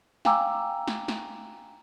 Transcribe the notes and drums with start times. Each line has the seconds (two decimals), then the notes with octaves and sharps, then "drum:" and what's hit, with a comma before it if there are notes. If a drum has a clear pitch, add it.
0.25 F5 G5 G#5 A#5 D6 E6, drum: snare
0.88 drum: snare
1.08 drum: snare